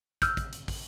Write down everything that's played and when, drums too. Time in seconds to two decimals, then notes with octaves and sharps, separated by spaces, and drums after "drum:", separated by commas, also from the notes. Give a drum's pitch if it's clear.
0.22 E6 F6 G6, drum: kick, hi-hat
0.37 drum: kick, hi-hat
0.53 drum: hi-hat
0.68 drum: kick, open hi-hat